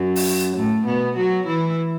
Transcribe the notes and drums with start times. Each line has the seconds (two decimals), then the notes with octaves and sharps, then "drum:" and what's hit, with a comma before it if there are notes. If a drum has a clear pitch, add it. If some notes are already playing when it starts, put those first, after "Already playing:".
Already playing: F#2 F#3
0.16 drum: open hi-hat
0.56 A2 A3
0.86 B2 B3
1.16 F#3 F#4
1.47 E3 E4